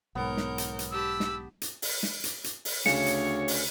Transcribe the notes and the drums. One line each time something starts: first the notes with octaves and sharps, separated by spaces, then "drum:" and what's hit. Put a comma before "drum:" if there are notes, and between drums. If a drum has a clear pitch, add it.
B1 G#2 B3 A#4 C#5 G6
drum: snare
drum: hi-hat
drum: hi-hat
G4 A5 B5 E6
drum: snare
drum: hi-hat
drum: open hi-hat
drum: snare
drum: hi-hat
drum: hi-hat
drum: open hi-hat
D2 C#3 C#5 C#7, drum: snare
drum: hi-hat
drum: open hi-hat